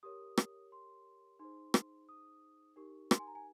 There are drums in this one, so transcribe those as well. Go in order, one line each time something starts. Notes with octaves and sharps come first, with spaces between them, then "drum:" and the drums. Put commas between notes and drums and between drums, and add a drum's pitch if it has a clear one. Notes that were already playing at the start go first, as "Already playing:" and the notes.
G4 A#4 C#5 D#6
drum: rim click
C6
D#4 G#4 C5 C6
drum: rim click
D#6
D#4 G4 A#4 C#6
C6, drum: rim click
G#5
A#5
G#5